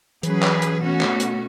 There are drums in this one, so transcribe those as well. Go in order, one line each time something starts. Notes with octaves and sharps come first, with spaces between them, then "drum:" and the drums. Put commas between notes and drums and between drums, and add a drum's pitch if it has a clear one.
E3 F#3 C#4 G#4 B4, drum: hi-hat
drum: clap
drum: hi-hat
B2 A3 C#4 F#4
drum: clap
drum: hi-hat